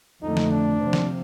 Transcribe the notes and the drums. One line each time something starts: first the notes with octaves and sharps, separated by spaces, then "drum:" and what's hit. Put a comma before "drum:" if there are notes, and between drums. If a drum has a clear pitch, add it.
F2 D3 A3 D#4
drum: snare
D4
C3 F3 C4
drum: snare